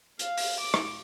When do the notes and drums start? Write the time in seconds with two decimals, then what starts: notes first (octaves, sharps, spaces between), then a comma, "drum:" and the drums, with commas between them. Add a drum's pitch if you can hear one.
0.19 F5, drum: hi-hat
0.37 drum: open hi-hat
0.59 D6
0.74 drum: rim click